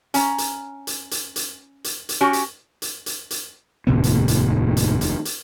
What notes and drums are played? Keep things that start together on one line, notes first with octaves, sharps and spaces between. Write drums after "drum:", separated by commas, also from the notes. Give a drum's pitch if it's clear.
C#4 A#5, drum: hi-hat
drum: hi-hat
drum: hi-hat
drum: hi-hat
drum: hi-hat
drum: hi-hat
drum: hi-hat
C#4 F#4 G4
drum: hi-hat
drum: hi-hat
drum: hi-hat
drum: hi-hat
F1 D#2 A2 C3 B3
drum: hi-hat
drum: hi-hat
drum: hi-hat
drum: hi-hat
drum: hi-hat